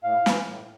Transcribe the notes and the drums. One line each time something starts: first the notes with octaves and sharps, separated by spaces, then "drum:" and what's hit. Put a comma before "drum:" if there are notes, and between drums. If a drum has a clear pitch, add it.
A2 F5
E3, drum: snare
A2